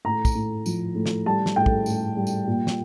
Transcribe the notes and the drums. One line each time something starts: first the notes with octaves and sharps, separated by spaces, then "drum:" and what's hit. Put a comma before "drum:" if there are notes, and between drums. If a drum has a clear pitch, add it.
A2 A#5
drum: kick, tambourine
A2
F3, drum: tambourine
A2
drum: snare
G3 A5
drum: snare
A2 G5
drum: kick
A2, drum: tambourine
G3
drum: tambourine
A#2
drum: snare